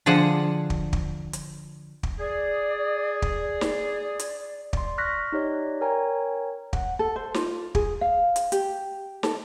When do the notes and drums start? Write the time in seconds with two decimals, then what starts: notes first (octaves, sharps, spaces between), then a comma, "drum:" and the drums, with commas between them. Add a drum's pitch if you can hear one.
0.06 D3 F3 G#4 F#5 A5
0.70 drum: kick
0.93 drum: kick
1.33 drum: hi-hat
2.03 drum: kick
2.19 G#4 D5
3.22 D5, drum: kick
3.61 drum: snare
4.19 drum: hi-hat
4.73 D5 C6, drum: kick
4.98 C#6 F6 F#6 A#6 B6
5.32 D#4 G4 C#5 D5
5.81 A#4 C#5 G5 G#5 A#5
6.73 F#5, drum: kick
6.99 A4
7.16 C5
7.34 F4, drum: snare
7.75 G#4, drum: kick
8.01 F5
8.36 drum: hi-hat
8.52 G4, drum: hi-hat
9.23 A4, drum: snare